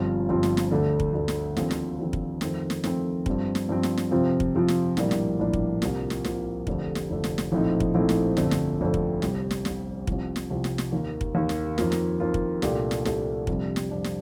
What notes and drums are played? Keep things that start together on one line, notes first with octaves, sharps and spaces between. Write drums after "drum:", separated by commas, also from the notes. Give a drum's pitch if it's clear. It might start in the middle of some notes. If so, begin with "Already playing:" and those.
Already playing: G1 G2 F3 C4 F4
G1 G2 F3 C4 F4
drum: snare
drum: snare
D2 D3 A3
drum: kick
D2 D3 A3
drum: snare
D#2 D3 F3 C4, drum: snare
drum: snare
D#2 D3 F3 C4
drum: kick
F2 D#3 A3 C4, drum: snare
drum: snare
F2 D#3 A3 C4, drum: snare
G2 F3 C4, drum: kick
drum: snare
G2 F3 C4
drum: snare
drum: snare
F2 C3 F3 C4 F4
drum: kick
F2 C3 F3 C4 F4
drum: snare
A#1 A2 G3 A#3 D4, drum: snare
drum: snare
A#1 A2 G3 A#3 D4
drum: kick
C2 C3 F3 A#3 F4, drum: snare
drum: snare
C2 C3 F3 A#3 F4, drum: snare
F1 F2 D3 A3, drum: kick
drum: snare
F1 F2 D3 A3
drum: snare
drum: snare
A#1 A2 A3 C4 D#4
drum: kick
A#1 A2 A3 C4 D#4
drum: snare
G1 F2 D3 A3 C4, drum: snare
drum: snare
G1 F2 D3 A3 C4
drum: kick
C2 C3 G3, drum: snare
drum: snare
C2 C3 G3, drum: snare
C2 C3 F3, drum: kick
drum: snare
C2 C3 F3
drum: snare
drum: snare
D#2 D#3 A#3
drum: kick
D#2 D#3 A#3
drum: snare
F2 D#3 A#3 F4, drum: snare
drum: snare
F2 D#3 A#3 F4
drum: kick
C2 A#2 A3 D4 G4, drum: snare
drum: snare
C2 A#2 A3 D4 G4, drum: snare
F2 C3 G3 D4, drum: kick
drum: snare
F2 C3 G3 D4
drum: snare